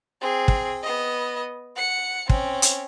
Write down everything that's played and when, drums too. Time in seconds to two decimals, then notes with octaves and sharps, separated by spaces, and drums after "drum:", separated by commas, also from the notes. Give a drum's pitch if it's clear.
0.21 C4 G#4
0.48 drum: kick
0.83 B3 D#5
1.76 F#5 C#7
2.29 C4 C#4, drum: kick
2.62 drum: hi-hat